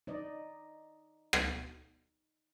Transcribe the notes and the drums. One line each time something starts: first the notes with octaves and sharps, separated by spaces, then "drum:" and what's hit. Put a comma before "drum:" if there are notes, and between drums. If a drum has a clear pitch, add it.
D#4 D5 D#5
drum: rim click